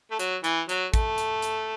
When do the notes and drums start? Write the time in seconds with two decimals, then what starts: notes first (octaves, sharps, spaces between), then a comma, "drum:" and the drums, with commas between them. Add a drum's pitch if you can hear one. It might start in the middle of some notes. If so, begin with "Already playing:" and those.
0.11 A3
0.19 F#3, drum: hi-hat
0.44 E3, drum: hi-hat
0.69 F#3, drum: hi-hat
0.94 A3, drum: kick, hi-hat
1.18 drum: hi-hat
1.42 drum: hi-hat